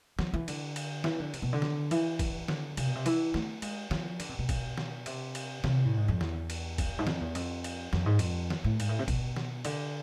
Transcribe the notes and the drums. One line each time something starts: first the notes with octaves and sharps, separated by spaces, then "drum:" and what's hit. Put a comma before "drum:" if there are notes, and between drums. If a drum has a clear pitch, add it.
F3, drum: snare D#3
E3
D3, drum: cymbal
drum: cymbal
E3, drum: snare D#3
D3
C3, drum: cymbal
B2
D3
drum: snare D#3
E3, drum: cymbal
drum: kick, cymbal
D3, drum: snare D#3
C3, drum: cymbal
B2
C3
E3, drum: cymbal
A3, drum: snare D#3
G#3, drum: cymbal
F3, drum: snare D#3
D3, drum: cymbal
C3
B2
drum: kick, cymbal
drum: snare D#3
C3, drum: cymbal
drum: cymbal
C3, drum: snare D#3
A2
G#2
F2
E2, drum: snare D#3
drum: cymbal
drum: kick, cymbal
G#2
F2, drum: snare D#3
E2
F2, drum: cymbal
drum: cymbal
F2, drum: snare D#3
G#2
F2, drum: cymbal
drum: snare D#3
A2
G#2, drum: cymbal
A2
C3
B2, drum: kick, cymbal
drum: snare D#3
D3, drum: cymbal